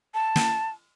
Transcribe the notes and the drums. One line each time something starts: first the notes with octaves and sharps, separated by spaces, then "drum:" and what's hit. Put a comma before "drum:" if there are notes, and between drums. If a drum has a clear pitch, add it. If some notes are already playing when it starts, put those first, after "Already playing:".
A5
drum: snare